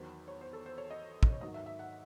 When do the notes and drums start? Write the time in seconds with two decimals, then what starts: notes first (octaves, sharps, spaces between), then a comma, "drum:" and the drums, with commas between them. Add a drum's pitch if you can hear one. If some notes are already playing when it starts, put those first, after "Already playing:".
Already playing: E2 D#3 F#3 C5
0.28 C#5
0.41 C5
0.53 A4
0.66 C5
0.78 C#5
0.91 D#5
1.23 drum: kick
1.32 C#5
1.41 G#2 D#3 F#3 D#5
1.54 E5
1.66 E5
1.79 F#5